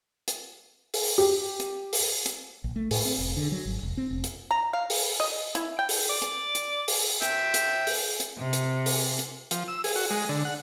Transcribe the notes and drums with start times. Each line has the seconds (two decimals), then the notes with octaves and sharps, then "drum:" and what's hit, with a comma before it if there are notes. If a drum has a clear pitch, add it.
0.28 drum: hi-hat
0.94 drum: open hi-hat
1.18 G4
1.60 drum: hi-hat
1.93 drum: open hi-hat
2.26 drum: hi-hat
2.64 A#1
2.76 A3
2.91 A2, drum: open hi-hat
3.05 C4
3.19 F1
3.37 D3
3.52 F#3
3.66 G#1
3.83 E1
3.97 C4
4.11 F1
4.24 drum: hi-hat
4.51 A#5
4.73 F5
4.90 drum: open hi-hat
5.20 D#5
5.55 E4, drum: hi-hat
5.79 G5
5.89 drum: open hi-hat
6.09 D5
6.22 drum: hi-hat
6.55 drum: hi-hat
6.88 drum: open hi-hat
7.22 E5 G5, drum: hi-hat
7.54 drum: hi-hat
7.87 drum: open hi-hat
8.20 drum: hi-hat
8.36 C3
8.53 drum: hi-hat
8.86 drum: open hi-hat
9.19 drum: hi-hat
9.51 F3, drum: hi-hat
9.68 E6
9.84 G#4, drum: open hi-hat
9.96 F#4
10.10 G#3
10.29 D3
10.45 F#5